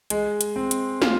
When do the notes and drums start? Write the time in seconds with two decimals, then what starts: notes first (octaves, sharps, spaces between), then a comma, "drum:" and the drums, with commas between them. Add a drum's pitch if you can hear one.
0.10 G#3, drum: hi-hat
0.41 drum: hi-hat
0.56 C4
0.71 drum: hi-hat
1.02 F4, drum: snare